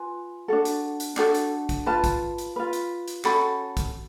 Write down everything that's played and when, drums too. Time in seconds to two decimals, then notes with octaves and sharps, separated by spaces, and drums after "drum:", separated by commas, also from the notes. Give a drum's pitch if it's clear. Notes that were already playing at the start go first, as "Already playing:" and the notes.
Already playing: F4 B4 G#5
0.48 D4 F#4 A4
0.65 drum: hi-hat
1.00 drum: hi-hat
1.17 D4 F#4 A4, drum: clap
1.35 drum: hi-hat
1.69 drum: kick, hi-hat
1.86 F4 B4 A5
2.04 drum: kick, hi-hat
2.38 drum: hi-hat
2.56 F4 B4
2.73 drum: hi-hat
3.08 drum: hi-hat
3.25 C#4 F#4 A4 B5, drum: clap
3.77 drum: kick, hi-hat